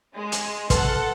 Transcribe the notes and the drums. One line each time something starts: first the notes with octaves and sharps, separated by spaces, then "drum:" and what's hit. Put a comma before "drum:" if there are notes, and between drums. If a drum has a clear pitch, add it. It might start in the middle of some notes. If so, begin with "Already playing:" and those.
G#3
drum: hi-hat
A4 B4 F#5 C6 F6, drum: kick, hi-hat